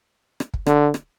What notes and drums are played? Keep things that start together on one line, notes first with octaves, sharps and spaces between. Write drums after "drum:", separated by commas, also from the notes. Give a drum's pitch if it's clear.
drum: rim click
drum: kick
D3, drum: rim click
drum: rim click